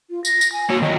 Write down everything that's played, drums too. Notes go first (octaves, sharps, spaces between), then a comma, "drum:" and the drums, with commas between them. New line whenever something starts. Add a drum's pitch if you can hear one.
F4
A#6, drum: tambourine
drum: tambourine
G#5
A#3 F#4 C#5
D#3 F#3 D#5